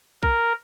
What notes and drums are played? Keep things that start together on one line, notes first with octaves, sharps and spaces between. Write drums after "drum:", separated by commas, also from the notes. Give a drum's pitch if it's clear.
A#4, drum: kick B1